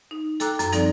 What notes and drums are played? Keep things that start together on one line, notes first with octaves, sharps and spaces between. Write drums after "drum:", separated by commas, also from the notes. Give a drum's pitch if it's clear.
D#4
A4 G5 A#5 D6 E6 F#6, drum: hi-hat
F#2, drum: hi-hat
F3 G3 C4 D#4 A4 D5, drum: hi-hat